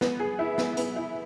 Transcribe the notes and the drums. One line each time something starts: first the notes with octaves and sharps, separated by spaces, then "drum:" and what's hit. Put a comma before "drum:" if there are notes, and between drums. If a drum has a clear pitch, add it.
B3, drum: snare
G#4
E4
B3, drum: snare
B3, drum: hi-hat
E4